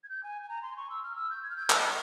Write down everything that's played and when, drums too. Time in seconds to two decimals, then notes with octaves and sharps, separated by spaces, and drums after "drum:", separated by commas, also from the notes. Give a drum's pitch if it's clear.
0.03 G#6
0.09 G6
0.23 G#5
0.43 G#5
0.49 A#5
0.62 C6
0.77 C#6
0.90 E6
1.03 F6
1.16 E6
1.30 G6
1.43 G#6
1.50 F6
1.56 G6
1.70 F6, drum: clap